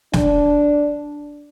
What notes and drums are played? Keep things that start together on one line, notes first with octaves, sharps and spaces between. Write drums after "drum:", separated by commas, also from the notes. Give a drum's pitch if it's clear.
D4, drum: snare